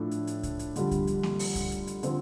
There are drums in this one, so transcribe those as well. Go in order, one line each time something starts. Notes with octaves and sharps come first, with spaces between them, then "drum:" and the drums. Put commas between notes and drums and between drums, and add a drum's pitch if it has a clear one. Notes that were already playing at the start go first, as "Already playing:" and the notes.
Already playing: A2 F3 D4 A4
drum: hi-hat
drum: hi-hat
drum: kick C2, hi-hat
drum: hi-hat
F2 D3 G3, drum: hi-hat
drum: kick C2, hi-hat
drum: hi-hat
drum: snare A#3
drum: open hi-hat
drum: kick C2, hi-hat
drum: hi-hat
drum: hi-hat
D3 F3 C4, drum: hi-hat